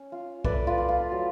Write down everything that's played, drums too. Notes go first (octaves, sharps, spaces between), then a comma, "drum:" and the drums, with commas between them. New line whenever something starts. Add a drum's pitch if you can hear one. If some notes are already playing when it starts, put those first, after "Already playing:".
Already playing: C#4
F4
A3 B4 D5, drum: kick B1
F4
F4
F4
F#3